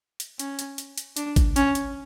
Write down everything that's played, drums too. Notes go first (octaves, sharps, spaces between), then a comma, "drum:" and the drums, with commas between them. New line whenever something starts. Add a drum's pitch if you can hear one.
drum: hi-hat
C#4, drum: hi-hat
drum: hi-hat
drum: hi-hat
drum: hi-hat
D4, drum: hi-hat
drum: kick G#1, hi-hat
C#4, drum: hi-hat
drum: hi-hat